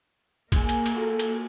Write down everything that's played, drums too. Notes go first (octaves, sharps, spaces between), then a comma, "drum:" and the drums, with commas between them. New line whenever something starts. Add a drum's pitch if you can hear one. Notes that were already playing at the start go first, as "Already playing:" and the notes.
A#3 G#4 C5, drum: kick A#1, cymbal
drum: cymbal
drum: cymbal
F4 F#4 A4
drum: cymbal